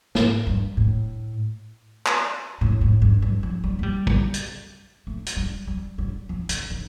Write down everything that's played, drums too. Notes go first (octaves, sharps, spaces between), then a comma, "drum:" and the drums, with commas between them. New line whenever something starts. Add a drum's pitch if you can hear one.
A2, drum: snare
G2
A2
drum: clap
A2
A2
G2
G2
F3
G3
A3
G3
drum: kick
drum: hi-hat
A3
drum: hi-hat
G3
G3
G3
F3
D#3, drum: hi-hat
D#3